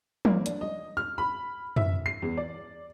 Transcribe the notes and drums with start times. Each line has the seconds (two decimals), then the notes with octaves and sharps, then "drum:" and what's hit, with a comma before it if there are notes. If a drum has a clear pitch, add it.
0.25 A#3, drum: tom
0.46 D4, drum: hi-hat
0.61 D#5
0.97 F6
1.18 B5
1.76 E5, drum: tom
2.06 C7
2.22 E2
2.37 D5